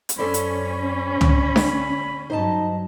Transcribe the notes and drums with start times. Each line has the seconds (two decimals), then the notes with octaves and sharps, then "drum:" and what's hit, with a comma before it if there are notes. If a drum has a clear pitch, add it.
0.09 drum: hi-hat
0.19 F#2 C#4 A4 C5 D5 B5
0.34 drum: hi-hat
1.21 D3, drum: tom C#2
1.56 drum: snare D4
2.30 G2 F#3 D#4 C5 D#5 A5